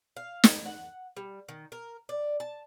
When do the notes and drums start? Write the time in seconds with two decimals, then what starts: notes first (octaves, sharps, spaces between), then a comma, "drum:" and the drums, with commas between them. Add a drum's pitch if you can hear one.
0.17 F5
0.44 drum: snare
0.65 F#5
1.17 G3
1.49 D#3
1.72 A#4
2.09 D5
2.40 A5